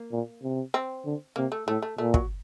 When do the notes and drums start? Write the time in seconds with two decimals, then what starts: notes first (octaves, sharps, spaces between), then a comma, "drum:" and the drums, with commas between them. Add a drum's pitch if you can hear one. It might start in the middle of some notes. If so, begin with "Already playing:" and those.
Already playing: A#3
0.12 A#2
0.43 C3
0.74 C4
1.05 D3
1.36 C3 A#3
1.52 A3
1.67 A2 A3
1.82 A3
1.98 A#2 A3
2.14 F#3, drum: kick